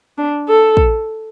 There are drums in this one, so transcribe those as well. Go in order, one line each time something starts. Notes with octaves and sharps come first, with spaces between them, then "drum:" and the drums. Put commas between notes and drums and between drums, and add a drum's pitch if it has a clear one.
D4
A4
drum: kick